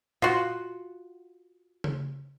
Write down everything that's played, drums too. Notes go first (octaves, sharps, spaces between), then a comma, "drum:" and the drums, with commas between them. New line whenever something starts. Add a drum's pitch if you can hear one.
F4 F#4, drum: tom A#2
drum: tom C#3